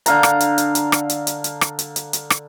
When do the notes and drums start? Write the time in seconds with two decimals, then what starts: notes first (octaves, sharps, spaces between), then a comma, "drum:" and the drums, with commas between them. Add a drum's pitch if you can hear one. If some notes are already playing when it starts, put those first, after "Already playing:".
0.06 D3 F5 A#5, drum: hi-hat
0.23 drum: rim click
0.40 drum: hi-hat
0.58 drum: hi-hat
0.75 drum: hi-hat
0.92 drum: rim click
1.10 drum: hi-hat
1.27 drum: hi-hat
1.44 drum: hi-hat
1.61 drum: rim click
1.79 drum: hi-hat
1.96 drum: hi-hat
2.13 drum: hi-hat
2.30 drum: rim click